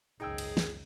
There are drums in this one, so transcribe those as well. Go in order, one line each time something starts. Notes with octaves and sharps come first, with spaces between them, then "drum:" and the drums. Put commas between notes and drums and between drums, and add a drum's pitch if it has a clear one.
G#1 C#2 F#2 D#4 G#4 G5 E6
drum: cymbal
drum: snare